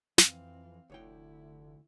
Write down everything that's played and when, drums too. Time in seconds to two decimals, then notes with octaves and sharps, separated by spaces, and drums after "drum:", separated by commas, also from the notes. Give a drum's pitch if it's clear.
0.18 F2 E3 C4 F5, drum: snare
0.90 F1 D2 D3 E4 C#5 G5